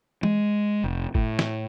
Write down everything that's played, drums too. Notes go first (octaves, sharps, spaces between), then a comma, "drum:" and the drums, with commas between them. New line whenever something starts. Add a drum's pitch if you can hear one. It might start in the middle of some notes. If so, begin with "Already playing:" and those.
G#3, drum: tom
F1
A2, drum: kick G1
drum: snare